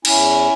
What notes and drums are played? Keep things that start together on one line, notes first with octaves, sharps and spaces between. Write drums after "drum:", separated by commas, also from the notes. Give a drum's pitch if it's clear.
E2 C#4 E4, drum: cymbal